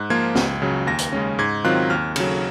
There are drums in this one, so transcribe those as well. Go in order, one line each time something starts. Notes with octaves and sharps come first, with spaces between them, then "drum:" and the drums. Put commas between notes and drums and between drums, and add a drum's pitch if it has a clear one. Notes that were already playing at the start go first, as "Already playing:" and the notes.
Already playing: G#2 F#6
F3 A#3 F4 G#6
C#2, drum: snare
C#3 F#3
D#2 A#6
drum: hi-hat
C#3 G#3 C#4
G#2 G#6
D#3 F#3 C4 F4 F#6
D#2 F6
C#3 F#3, drum: cymbal